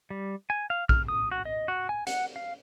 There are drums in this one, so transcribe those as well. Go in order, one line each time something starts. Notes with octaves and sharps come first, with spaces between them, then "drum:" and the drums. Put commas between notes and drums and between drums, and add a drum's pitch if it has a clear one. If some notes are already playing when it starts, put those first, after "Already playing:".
G3
G#5
F5
F6, drum: kick A#1
D#6
F#4
D#5
F#4
G#5
F#5, drum: hi-hat
F5